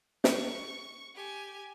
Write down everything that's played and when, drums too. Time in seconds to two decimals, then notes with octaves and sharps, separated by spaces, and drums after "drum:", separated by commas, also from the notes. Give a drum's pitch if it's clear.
0.24 C#6, drum: snare
1.15 G4 G#5